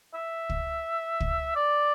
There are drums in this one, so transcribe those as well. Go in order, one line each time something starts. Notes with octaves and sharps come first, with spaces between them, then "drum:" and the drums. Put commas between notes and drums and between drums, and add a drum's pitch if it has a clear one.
E5
drum: kick
drum: kick
D5